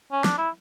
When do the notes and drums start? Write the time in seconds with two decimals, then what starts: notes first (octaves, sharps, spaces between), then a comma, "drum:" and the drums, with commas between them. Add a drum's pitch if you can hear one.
0.12 C#4
0.24 D4, drum: snare
0.38 E4